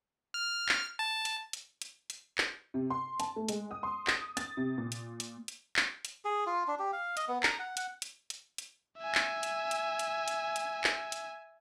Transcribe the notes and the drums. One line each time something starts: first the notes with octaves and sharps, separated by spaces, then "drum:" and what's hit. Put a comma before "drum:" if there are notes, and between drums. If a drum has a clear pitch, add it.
F6
drum: clap
A5
drum: hi-hat
drum: hi-hat
drum: hi-hat
drum: hi-hat
drum: clap
C3
C6
A5, drum: hi-hat
A3
G#3, drum: hi-hat
D#6
C6
D#6, drum: clap
A6, drum: hi-hat
C3
A#2
drum: hi-hat
drum: hi-hat
drum: hi-hat
drum: clap
drum: hi-hat
G#4
F4
D4
G4
F5
D#5, drum: hi-hat
B3
A#5, drum: clap
F#5
F#5, drum: hi-hat
drum: hi-hat
drum: hi-hat
drum: hi-hat
E5 G#5
drum: clap
drum: hi-hat
drum: hi-hat
drum: hi-hat
drum: hi-hat
drum: hi-hat
drum: clap
drum: hi-hat